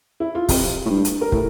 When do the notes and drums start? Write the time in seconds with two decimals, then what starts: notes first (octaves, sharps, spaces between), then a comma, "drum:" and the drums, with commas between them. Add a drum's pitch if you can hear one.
0.20 E4
0.35 F4
0.49 F2 G4, drum: kick, open hi-hat
0.86 A2
0.90 G2
1.05 drum: hi-hat
1.21 A#4
1.32 A2 A4, drum: kick